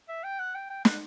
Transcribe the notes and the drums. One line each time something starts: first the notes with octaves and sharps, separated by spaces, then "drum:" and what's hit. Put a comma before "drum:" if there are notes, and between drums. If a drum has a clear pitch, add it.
E5
G5
F#5
G5
G5
F#5, drum: snare